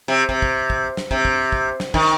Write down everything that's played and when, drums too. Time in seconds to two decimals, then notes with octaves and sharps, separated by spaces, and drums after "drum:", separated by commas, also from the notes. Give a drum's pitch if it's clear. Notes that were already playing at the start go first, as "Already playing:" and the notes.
0.08 C3
0.29 C3, drum: kick
0.42 drum: kick
0.70 drum: kick
0.97 drum: snare
1.11 C3, drum: kick
1.25 drum: kick
1.52 drum: kick
1.80 drum: snare
1.94 D#3, drum: kick